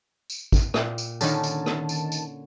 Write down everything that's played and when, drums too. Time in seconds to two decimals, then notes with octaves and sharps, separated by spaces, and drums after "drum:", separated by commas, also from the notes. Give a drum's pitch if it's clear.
0.30 drum: tambourine
0.52 drum: kick, tambourine
0.74 A#2 G5, drum: rim click
0.98 drum: tambourine
1.21 D3 D#3 C#4 D#4 A5, drum: tambourine
1.43 drum: tambourine
1.66 drum: rim click
1.89 drum: tambourine
2.12 drum: tambourine